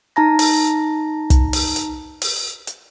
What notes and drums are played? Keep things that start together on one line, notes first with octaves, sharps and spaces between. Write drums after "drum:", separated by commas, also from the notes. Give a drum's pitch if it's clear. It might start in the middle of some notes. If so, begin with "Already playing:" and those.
D#4 A5 A#5 A#6
drum: open hi-hat
drum: kick, hi-hat
drum: open hi-hat
drum: hi-hat
drum: open hi-hat
drum: hi-hat